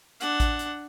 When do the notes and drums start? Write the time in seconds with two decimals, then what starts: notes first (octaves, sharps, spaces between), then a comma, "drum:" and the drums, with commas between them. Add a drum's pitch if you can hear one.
0.21 D4 F#5, drum: hi-hat
0.40 drum: kick A1, hi-hat
0.59 drum: hi-hat